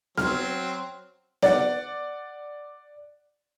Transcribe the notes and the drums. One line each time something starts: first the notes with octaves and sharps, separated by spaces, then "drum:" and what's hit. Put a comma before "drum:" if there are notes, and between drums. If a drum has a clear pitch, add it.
F#3 C4 F6, drum: snare B3
D5 F#5, drum: snare B3